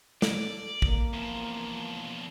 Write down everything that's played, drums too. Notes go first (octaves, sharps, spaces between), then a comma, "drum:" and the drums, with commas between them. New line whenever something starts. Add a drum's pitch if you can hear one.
A4 D5, drum: snare
A#3, drum: kick
E2 F3